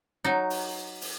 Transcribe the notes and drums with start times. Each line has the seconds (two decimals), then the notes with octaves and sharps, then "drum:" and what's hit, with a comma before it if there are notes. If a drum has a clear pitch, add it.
0.24 F#3 D#4
0.50 drum: open hi-hat
1.01 drum: open hi-hat